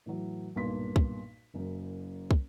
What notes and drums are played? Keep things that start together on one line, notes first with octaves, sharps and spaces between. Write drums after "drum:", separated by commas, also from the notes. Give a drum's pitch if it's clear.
A2 E3 F#3
B1 G2 A#2 A#3 C6 B6
drum: kick
F#1 F#2
drum: kick